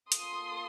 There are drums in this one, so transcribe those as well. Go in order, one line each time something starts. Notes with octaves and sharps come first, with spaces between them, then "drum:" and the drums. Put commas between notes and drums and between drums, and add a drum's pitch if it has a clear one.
A#3 F4 A4 C6 D#6, drum: hi-hat